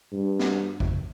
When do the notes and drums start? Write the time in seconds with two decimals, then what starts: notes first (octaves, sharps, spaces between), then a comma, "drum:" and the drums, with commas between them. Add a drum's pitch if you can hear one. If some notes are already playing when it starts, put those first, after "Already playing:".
0.12 G2
0.39 drum: snare
0.80 drum: kick G#1